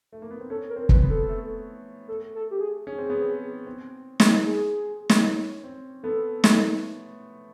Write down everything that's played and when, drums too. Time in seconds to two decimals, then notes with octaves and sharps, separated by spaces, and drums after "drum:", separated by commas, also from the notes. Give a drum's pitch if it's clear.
0.12 A3
0.22 A#3
0.31 B3
0.40 C4
0.50 C#4 A4
0.70 A#4
0.76 C4
0.89 B4, drum: kick
1.03 B3
1.10 A4
1.29 A3
2.08 A4
2.35 A4
2.51 G4
2.60 G#4
2.87 C#4 G#4
2.98 C4
3.10 B3
3.21 C4
3.67 C4
4.20 drum: snare
4.45 G#4
5.09 drum: snare
5.25 C#4
5.64 C4
6.03 B3 A4
6.44 A3, drum: snare